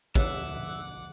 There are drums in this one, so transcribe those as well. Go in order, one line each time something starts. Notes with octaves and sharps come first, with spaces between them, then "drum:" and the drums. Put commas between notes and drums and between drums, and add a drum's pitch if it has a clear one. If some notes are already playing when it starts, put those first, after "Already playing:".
D3 F3 C#5 E5 F#5 D6 F#6, drum: kick